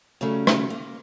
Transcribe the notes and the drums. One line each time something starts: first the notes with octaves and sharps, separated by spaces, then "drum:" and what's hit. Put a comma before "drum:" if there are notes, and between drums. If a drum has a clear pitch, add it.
C#3 F#3 G3 A3 C#4
drum: rim click
A#3